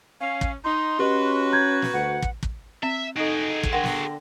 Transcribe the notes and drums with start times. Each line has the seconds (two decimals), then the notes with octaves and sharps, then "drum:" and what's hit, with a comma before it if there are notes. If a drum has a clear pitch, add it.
0.20 C#4 F5
0.41 drum: kick
0.64 D#4 C6
0.99 C#4 F#4 G4 B4 D#5
1.52 A#5 G6 G#6
1.82 drum: snare
1.93 D2 F#5
2.22 drum: kick
2.43 drum: kick
2.83 C4 E5
3.16 D#4 F#4 G#4 A4 D7
3.63 drum: kick
3.73 D3 A#4 F#5 G5 C6 A#6
3.84 drum: snare